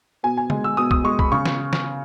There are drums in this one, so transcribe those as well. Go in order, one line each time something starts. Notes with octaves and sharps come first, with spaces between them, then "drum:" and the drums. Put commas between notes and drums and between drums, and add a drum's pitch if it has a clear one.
B2 G#5
G#5
G#3, drum: tom
E6
B2 D#6
D#6, drum: kick
G#3 C#6
B5, drum: kick
C#3 C#6
drum: snare
drum: snare